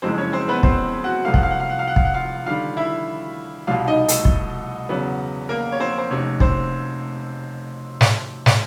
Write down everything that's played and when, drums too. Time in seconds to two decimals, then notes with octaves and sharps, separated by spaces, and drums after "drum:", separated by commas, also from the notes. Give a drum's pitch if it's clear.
0.02 F#1 F2 C#3 E3 G#3 C4 C5
0.18 C#4 C#5
0.33 C4 C5
0.48 B3 B4
0.63 C4 C5, drum: kick
1.04 F#4 F#5
1.24 C2 C3 F3 A3 C4 F5
1.34 F#5, drum: kick
1.43 F5
1.51 F#5
1.60 F5
1.70 F#5
1.79 F5
1.88 F#5
1.96 F5, drum: kick
2.05 F#5
2.14 F4 F5
2.46 D#2 D3 G3 F4 F5
2.77 E4 E5
3.67 C2 B2 G3 F4 F5
3.87 D#4 D#5
4.08 A3 A4, drum: hi-hat
4.25 drum: kick
4.89 E2 C#3 F#3 B3
5.49 A#3 A#4
5.72 C#5
5.80 C4 C5
5.98 C5
6.10 F1 F2 C3 C#4 C#5
6.40 C4 C5, drum: kick
8.01 drum: snare
8.46 drum: snare